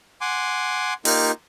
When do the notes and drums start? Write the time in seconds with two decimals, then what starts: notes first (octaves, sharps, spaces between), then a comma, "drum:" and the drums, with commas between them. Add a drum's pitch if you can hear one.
0.21 F#5 G#5 C6 D6
1.05 A#3 D#4 F4 G4, drum: open hi-hat